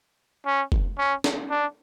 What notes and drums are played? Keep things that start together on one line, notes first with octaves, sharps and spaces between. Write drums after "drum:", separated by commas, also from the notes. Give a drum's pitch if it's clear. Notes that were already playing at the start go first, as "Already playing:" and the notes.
C#4
drum: kick
C#4
drum: snare
D4